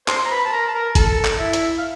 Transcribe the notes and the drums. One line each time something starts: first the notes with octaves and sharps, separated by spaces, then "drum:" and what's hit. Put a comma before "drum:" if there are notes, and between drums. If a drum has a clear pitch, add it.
C5 C6, drum: clap
A#5
B4 B5
A5
A#4 A#5
A5
A#4 A#5
A4 A5, drum: kick G1, hi-hat
drum: clap
E4 E5
drum: hi-hat
F5